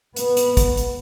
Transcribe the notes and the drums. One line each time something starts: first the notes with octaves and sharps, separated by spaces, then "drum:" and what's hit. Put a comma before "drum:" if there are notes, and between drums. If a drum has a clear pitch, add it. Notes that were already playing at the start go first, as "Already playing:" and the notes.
B3, drum: hi-hat
drum: hi-hat
drum: kick, hi-hat
drum: hi-hat